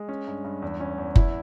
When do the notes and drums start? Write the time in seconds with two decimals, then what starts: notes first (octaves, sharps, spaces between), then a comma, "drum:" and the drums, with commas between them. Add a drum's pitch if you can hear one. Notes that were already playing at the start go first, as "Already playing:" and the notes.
Already playing: G#3
0.09 C#4
0.28 G2
0.44 G2
0.62 E2
0.80 C#4
0.98 E2
1.16 E4, drum: kick F#1